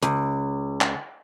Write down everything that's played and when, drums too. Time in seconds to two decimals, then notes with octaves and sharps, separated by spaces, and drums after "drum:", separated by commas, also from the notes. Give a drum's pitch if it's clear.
0.02 C#2, drum: hi-hat
0.81 drum: clap